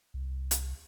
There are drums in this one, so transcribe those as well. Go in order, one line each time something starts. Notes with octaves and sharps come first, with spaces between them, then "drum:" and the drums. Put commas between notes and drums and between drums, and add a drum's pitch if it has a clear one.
C2
drum: hi-hat